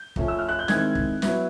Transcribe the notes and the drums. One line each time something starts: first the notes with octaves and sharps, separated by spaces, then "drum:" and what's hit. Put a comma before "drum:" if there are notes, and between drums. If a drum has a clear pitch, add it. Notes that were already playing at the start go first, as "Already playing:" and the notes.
Already playing: G6
F3 A3 C#4, drum: kick
E6
F6
F#6
G6
D#3 G#3 C4 E4 G#6, drum: snare
drum: kick
F#3 B3 E4, drum: snare